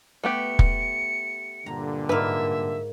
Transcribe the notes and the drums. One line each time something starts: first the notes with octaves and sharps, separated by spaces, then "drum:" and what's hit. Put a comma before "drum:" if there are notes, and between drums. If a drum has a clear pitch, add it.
A3 B3 G4 C#7
drum: kick
G2 A#2 D3 A#5
G#2 A#3 B4 E5